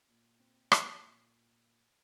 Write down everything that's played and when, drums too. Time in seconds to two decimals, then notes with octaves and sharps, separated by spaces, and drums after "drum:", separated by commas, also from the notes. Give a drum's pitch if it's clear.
0.08 A#2
0.40 C4
0.72 A#2, drum: rim click
1.02 A#2